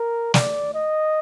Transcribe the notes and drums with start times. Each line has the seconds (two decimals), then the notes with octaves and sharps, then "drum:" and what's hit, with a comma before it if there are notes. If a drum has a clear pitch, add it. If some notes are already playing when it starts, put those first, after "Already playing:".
Already playing: A#4
0.34 D5, drum: snare
0.74 D#5